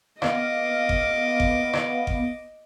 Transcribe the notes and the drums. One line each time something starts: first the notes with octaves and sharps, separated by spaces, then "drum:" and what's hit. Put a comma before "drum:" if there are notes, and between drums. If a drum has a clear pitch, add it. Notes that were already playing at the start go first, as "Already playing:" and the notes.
B3 D#5 F5 D6, drum: rim click
drum: kick G1
drum: kick G1
drum: rim click
drum: kick G1